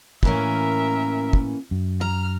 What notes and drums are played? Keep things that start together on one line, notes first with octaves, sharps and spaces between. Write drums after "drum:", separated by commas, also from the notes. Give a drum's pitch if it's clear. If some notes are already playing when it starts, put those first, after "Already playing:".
A2 E3 A#3 C#4 A#4 E5, drum: kick
drum: kick
F#2
A#5 F6